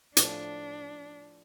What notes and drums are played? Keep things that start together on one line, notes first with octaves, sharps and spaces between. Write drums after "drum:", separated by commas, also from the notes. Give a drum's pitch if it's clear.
A2 F3 A3 D4, drum: hi-hat